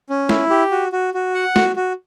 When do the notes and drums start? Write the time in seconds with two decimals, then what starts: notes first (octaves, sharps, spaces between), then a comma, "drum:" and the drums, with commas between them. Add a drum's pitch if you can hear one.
0.10 C#4
0.29 E4, drum: snare
0.50 G4
0.71 F#4
0.92 F#4
1.14 F#4
1.34 F#5
1.56 F#4, drum: snare
1.76 F#4